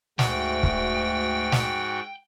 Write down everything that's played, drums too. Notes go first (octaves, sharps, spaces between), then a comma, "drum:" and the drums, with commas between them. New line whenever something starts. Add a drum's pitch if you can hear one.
D2 G#2 F#4 G5, drum: snare
drum: kick
drum: snare